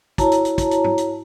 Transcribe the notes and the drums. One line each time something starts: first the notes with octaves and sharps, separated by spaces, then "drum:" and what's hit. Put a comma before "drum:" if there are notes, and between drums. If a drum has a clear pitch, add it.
E4 F#4 C#5 A5 A#5, drum: kick, hi-hat
drum: hi-hat
drum: hi-hat
drum: kick, hi-hat
drum: hi-hat
drum: tom G#2
drum: hi-hat